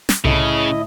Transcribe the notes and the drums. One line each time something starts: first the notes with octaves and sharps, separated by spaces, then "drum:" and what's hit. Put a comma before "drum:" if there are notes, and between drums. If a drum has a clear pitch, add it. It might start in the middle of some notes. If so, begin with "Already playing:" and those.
drum: snare
C2 A2 C#3 E4 D#5